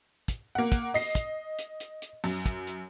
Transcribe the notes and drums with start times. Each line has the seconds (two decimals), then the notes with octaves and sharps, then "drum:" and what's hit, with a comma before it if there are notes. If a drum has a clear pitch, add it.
0.28 drum: kick, hi-hat
0.55 A#3 F#5
0.72 drum: kick, hi-hat
0.94 D#5 C7, drum: open hi-hat
1.15 drum: kick, hi-hat
1.59 drum: hi-hat
1.80 drum: hi-hat
2.02 drum: hi-hat
2.24 F#2, drum: open hi-hat
2.46 drum: kick, hi-hat
2.67 drum: hi-hat